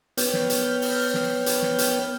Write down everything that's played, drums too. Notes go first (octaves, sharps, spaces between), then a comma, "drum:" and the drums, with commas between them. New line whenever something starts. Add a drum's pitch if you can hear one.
B3 B4 C#5 G5 F6 G6, drum: hi-hat
drum: snare
drum: hi-hat
drum: open hi-hat
drum: snare
drum: hi-hat
drum: snare
drum: hi-hat